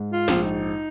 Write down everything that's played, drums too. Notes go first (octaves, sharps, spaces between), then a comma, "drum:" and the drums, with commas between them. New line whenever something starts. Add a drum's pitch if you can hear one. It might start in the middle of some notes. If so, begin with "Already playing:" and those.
Already playing: G#2
F4
A#1, drum: snare
D#4